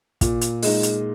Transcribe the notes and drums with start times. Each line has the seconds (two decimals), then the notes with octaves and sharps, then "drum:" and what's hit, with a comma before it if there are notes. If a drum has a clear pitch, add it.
0.21 A#2, drum: kick, hi-hat
0.41 drum: hi-hat
0.63 G#3 D#4, drum: open hi-hat
0.83 drum: hi-hat